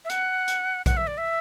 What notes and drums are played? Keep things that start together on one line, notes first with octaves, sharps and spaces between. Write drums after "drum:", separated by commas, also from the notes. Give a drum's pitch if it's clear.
E5
F#5, drum: hi-hat
drum: hi-hat
F#5, drum: kick A#1, hi-hat
E5
D5
E5